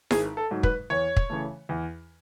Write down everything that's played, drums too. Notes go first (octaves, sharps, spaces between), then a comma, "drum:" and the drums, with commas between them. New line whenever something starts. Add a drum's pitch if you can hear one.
G#1 G#4, drum: snare E4
A4
G#2 F#3
B4, drum: kick
E2 C#5
drum: kick
C#3 E3 A3
E2